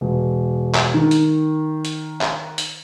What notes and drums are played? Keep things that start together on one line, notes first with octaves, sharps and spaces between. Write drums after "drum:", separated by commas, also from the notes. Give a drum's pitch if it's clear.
E1
drum: clap
D#3
drum: hi-hat
drum: hi-hat
drum: clap
drum: hi-hat